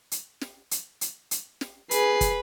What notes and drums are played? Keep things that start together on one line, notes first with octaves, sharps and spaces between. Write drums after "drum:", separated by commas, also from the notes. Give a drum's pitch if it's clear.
drum: hi-hat
drum: snare
drum: hi-hat
drum: hi-hat
drum: hi-hat
drum: snare
G#4 B4 C7, drum: hi-hat
drum: kick, hi-hat